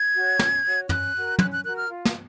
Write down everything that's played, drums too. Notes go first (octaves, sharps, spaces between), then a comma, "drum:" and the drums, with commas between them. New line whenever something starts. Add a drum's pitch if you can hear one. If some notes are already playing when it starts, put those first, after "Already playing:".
Already playing: G#6
F#4 C#5
C#4, drum: snare
F#4 C#5
C#4 F#6, drum: tom
F#4 A#4
C#4 F#6, drum: tom
F#6
F#4 A#4 F#6
F6
F4
drum: snare